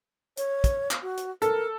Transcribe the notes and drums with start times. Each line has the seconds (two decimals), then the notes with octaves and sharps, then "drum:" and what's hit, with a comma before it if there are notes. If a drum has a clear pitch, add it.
0.37 C#5, drum: hi-hat
0.64 drum: kick, hi-hat
0.91 drum: clap
1.02 F#4
1.17 drum: hi-hat
1.42 A4 A#4, drum: hi-hat